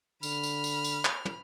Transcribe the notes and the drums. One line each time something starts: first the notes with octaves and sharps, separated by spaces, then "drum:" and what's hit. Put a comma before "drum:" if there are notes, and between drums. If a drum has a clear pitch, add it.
D3 B5 F6, drum: tambourine
drum: tambourine
drum: tambourine
drum: tambourine
drum: clap
drum: tom